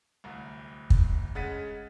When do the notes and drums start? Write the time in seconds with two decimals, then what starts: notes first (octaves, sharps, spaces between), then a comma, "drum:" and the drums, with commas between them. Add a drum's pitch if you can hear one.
0.24 D1 C2
0.90 drum: kick
1.35 C#3 G#3 F#5 A6 B6 D#7